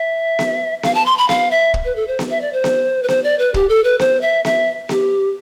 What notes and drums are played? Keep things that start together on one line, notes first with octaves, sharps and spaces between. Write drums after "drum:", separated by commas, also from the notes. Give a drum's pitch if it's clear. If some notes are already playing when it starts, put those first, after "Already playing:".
Already playing: E5
drum: snare B3
F5, drum: snare B3
A5
C6
B5
F5, drum: snare B3
E5
drum: kick
B4
A4
C5
drum: snare B3
E5
D5
C5
drum: snare B3
B4
C5, drum: snare B3
D5
B4
G4, drum: kick
A4
B4
C5, drum: snare B3
E5
E5, drum: snare B3
G4, drum: snare B3